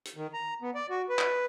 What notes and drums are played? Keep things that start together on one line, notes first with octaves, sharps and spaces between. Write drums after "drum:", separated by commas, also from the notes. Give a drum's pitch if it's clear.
drum: hi-hat
D#3
A#5
B3
D5
F#4
B4
drum: clap